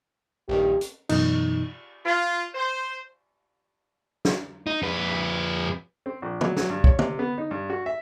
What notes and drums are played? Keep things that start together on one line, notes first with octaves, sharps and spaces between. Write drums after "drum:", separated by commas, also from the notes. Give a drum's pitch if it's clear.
A#1 G2 D#3 G4
drum: hi-hat
F#2 B2 E3 D#4, drum: cymbal
F4
C5
drum: snare
D#4
F2 B4
C4
A#1
F#3, drum: tom
F#3, drum: snare
G2
C#5, drum: kick
C3, drum: tom
B3
D#4
G2
F#4
E5